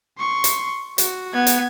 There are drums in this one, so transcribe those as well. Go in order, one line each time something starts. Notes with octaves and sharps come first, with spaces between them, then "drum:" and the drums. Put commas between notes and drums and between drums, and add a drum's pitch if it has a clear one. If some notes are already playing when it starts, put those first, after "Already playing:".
C6 C#6
drum: hi-hat
F#4, drum: hi-hat
B3 G#6
drum: hi-hat